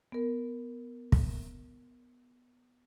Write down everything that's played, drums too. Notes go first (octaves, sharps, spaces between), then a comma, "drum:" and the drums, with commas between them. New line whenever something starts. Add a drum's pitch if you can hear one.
B3 A#4
drum: kick